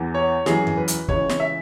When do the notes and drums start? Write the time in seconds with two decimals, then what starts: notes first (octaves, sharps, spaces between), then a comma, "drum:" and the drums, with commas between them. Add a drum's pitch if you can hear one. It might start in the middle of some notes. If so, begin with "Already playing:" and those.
Already playing: E2 E3
0.14 C#5
0.46 F#2 E3 G#4, drum: snare
0.67 drum: tom F2
0.77 B4
0.88 drum: hi-hat
1.08 C#2 C#3 E3 C#5, drum: kick
1.29 drum: snare
1.40 E5